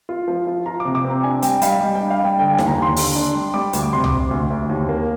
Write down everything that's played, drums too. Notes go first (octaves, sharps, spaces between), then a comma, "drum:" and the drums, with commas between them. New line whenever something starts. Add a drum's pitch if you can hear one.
F4
F3
F4
F4 A#5
D6
C3
D6
C4
A#5
D4 G#5
G3 G5, drum: hi-hat
G3 F5, drum: hi-hat
G3 D#5
D4 G5
F5
G3 G5
D3 G5
G#5
D#2, drum: snare D#4
A#5
D#2 C6
D3, drum: open hi-hat
D4
G3
G3 D6
D2, drum: hi-hat
D6
C3 C6
D6, drum: tom
C3
D2
D2
D#2
A#3